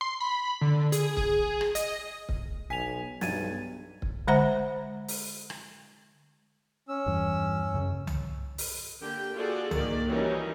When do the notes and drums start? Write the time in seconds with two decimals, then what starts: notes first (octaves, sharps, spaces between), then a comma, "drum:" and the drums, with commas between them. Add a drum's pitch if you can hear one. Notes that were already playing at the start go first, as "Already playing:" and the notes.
0.01 C6
0.20 B5
0.61 D3
0.92 G#4, drum: hi-hat
1.17 G#4, drum: kick C#1
1.61 drum: rim click
1.75 D#5, drum: hi-hat
2.29 drum: kick C#1
2.70 B1 G#5 B6 F7
3.21 B1 G2 G#6 A6 D#7, drum: snare
4.02 drum: kick C#1
4.28 D3 G#3 C5 E5 F#5 A#5
5.08 drum: open hi-hat
5.50 drum: rim click
6.88 C#4 E6
7.06 E2 G2
7.74 F#2 C#3
8.07 drum: tom C2
8.58 drum: open hi-hat
9.02 D3 A#3 G4 G5
9.35 F4 F#4 G#4 A4 D5
9.71 D#3 A#3 D5, drum: tom C2
10.07 D#3 E3 F#3 G3 C#4 D#4